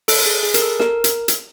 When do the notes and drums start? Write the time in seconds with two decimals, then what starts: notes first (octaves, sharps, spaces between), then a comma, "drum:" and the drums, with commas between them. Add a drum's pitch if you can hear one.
0.08 A4, drum: open hi-hat
0.26 G#4
0.43 G#4
0.54 A#4, drum: hi-hat
0.62 A4
0.80 A#4, drum: snare
1.04 drum: hi-hat
1.28 drum: hi-hat